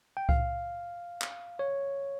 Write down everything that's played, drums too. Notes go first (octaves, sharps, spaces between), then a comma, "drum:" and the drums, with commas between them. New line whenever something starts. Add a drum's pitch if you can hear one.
G5
F5, drum: kick C2
drum: clap
C#5